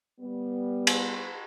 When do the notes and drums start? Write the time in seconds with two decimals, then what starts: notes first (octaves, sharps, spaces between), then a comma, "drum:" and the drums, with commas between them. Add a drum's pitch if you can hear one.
0.20 G3 B3
0.87 drum: cymbal